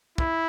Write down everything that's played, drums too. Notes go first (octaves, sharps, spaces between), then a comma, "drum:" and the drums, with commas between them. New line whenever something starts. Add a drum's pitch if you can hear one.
E4, drum: kick